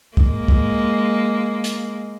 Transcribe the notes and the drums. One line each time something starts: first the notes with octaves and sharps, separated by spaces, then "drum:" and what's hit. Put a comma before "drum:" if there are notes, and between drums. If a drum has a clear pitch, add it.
G#3 A#3, drum: kick
drum: kick
drum: hi-hat